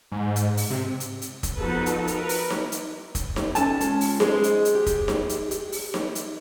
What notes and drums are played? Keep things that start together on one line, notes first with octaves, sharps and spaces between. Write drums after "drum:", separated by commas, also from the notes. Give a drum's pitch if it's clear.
G#2
drum: hi-hat
drum: open hi-hat
C3
drum: hi-hat
drum: hi-hat
drum: kick, hi-hat
F3 B3 D#4 F#4 A4 B4
drum: hi-hat
A#4 B4, drum: hi-hat
drum: open hi-hat
drum: snare D#4
drum: hi-hat
drum: kick, hi-hat
drum: snare D#4
C#4 A4 G#5 A5, drum: hi-hat
G#3 C#4 F4, drum: hi-hat
drum: open hi-hat
G#3 C5 D#5, drum: snare D#4
drum: hi-hat
drum: hi-hat
G4
drum: kick, hi-hat
drum: snare D#4
drum: hi-hat
drum: hi-hat
drum: open hi-hat
drum: snare D#4
drum: hi-hat